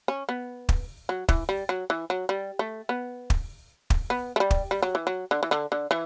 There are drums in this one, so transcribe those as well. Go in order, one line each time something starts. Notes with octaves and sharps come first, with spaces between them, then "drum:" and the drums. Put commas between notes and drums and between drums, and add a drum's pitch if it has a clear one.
C#4
B3
drum: kick
F#3
E3, drum: kick
G3
F#3
E3
F#3
G3
A3
B3
drum: kick
drum: kick
B3
A3
G3
drum: kick
G3
F#3
E3
F#3
D3
E3
D3
D3
E3